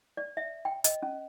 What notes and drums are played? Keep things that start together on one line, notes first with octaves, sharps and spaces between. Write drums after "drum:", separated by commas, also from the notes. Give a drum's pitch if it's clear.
D5
E5
G5
D#5, drum: hi-hat
C#4